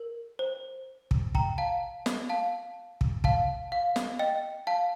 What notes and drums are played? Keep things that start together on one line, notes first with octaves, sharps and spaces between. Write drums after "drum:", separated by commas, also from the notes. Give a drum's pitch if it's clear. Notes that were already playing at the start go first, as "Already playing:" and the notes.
Already playing: A#4
C5
drum: kick
G5 A#5, drum: kick
F5 A5
drum: snare
F5 A5
drum: kick
F5 A5, drum: kick
F5
drum: snare
D#5 G5
F5 A5